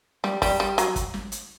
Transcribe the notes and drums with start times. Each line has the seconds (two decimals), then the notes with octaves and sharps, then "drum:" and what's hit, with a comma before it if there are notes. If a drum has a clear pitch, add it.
0.24 G3, drum: snare
0.42 G3, drum: kick, open hi-hat
0.60 G3
0.78 F#3, drum: hi-hat
0.96 drum: kick, hi-hat
1.14 drum: snare
1.32 drum: hi-hat